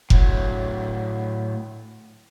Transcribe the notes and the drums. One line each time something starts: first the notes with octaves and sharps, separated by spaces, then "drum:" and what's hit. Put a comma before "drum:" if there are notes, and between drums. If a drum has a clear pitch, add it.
A2 F#3, drum: kick F1